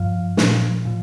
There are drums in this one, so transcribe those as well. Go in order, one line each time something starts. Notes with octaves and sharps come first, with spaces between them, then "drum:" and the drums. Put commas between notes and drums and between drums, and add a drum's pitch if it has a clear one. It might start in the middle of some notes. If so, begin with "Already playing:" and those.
Already playing: G2 F3 F5
A#2 F3, drum: snare
A2 F3